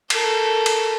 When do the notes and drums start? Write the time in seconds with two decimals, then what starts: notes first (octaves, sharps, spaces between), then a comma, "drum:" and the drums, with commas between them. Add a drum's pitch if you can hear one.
0.10 A4 A#4, drum: cymbal
0.66 drum: cymbal